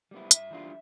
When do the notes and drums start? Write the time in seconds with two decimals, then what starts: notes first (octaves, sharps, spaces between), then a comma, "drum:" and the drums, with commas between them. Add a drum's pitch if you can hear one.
0.11 G3 B3 E4
0.31 G2 E5, drum: hi-hat
0.51 E3 G3 D4 F4